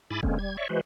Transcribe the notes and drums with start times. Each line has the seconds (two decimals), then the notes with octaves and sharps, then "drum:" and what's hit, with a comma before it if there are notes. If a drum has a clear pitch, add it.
0.10 G#2 E4 G#5 B5 D6 A6
0.23 D3 G#3 A#3 C4 C#4, drum: kick E1
0.39 G3 G#6
0.57 C#5 D5 E5 C#6
0.69 E3 G#3 F#4 B4 C5